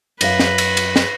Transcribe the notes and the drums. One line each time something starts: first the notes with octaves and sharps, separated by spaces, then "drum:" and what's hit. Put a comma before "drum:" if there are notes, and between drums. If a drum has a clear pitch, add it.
F#2 B4 F5 A#6, drum: cymbal
drum: snare
drum: cymbal
drum: cymbal
drum: snare